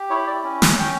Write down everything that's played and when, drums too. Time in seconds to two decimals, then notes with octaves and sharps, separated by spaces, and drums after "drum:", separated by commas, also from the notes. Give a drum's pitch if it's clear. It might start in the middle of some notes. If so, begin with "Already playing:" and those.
Already playing: G4
0.10 E4 C#5
0.27 D5
0.44 C#4
0.62 drum: snare
0.79 C#4 G5